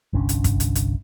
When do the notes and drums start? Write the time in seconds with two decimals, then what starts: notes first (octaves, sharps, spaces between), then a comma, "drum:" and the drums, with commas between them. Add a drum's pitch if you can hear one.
0.13 G1 C2 C#4 D4
0.29 drum: hi-hat
0.44 drum: kick, hi-hat
0.60 drum: hi-hat
0.75 drum: hi-hat